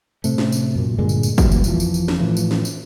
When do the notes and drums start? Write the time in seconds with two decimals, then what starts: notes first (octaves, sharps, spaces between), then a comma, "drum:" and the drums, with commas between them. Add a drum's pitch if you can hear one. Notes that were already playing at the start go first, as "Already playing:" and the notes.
0.24 A2 C3 A3, drum: tambourine
0.38 drum: snare
0.52 drum: tambourine
0.75 F#2 A#2
0.99 G2 A#2 D3 G#3
1.09 drum: tambourine
1.23 drum: tambourine
1.38 A#2 E3 F#3 G3, drum: kick, tambourine
1.52 drum: tambourine
1.64 F2 E3 F3, drum: tambourine
1.80 drum: tambourine
1.94 drum: tambourine
2.08 drum: snare
2.18 A2 E3 F3
2.37 drum: tambourine
2.51 drum: snare
2.65 drum: tambourine